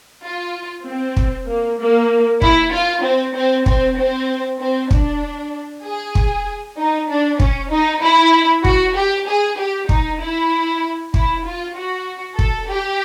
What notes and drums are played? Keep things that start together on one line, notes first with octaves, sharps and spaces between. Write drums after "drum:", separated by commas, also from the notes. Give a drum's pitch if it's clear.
F4
C4
drum: kick
A#3
A#3
E4, drum: kick
F4
C4
C4
C4, drum: kick
C4
C4
D4, drum: kick
G#4
drum: kick
D#4
D4
C#4, drum: kick
D#4
E4
F#4, drum: kick
G4
G#4
G4
D#4, drum: kick
E4
E4, drum: kick
F4
F#4
A4, drum: kick
G4